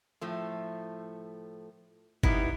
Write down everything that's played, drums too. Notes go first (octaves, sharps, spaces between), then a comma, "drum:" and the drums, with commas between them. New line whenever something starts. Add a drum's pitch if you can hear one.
A2 F3 A3
G3 B3 D#4 E4, drum: kick G1